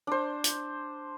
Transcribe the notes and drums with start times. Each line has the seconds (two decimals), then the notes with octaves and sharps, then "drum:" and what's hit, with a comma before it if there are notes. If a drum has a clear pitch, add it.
0.07 D4 C5
0.44 drum: hi-hat